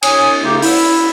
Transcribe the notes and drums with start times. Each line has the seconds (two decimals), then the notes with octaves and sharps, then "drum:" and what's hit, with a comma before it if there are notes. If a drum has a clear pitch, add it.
0.02 C#5 G#5 D#6, drum: cymbal
0.43 C#3 A3 D#4 F4 G4
0.62 E4, drum: open hi-hat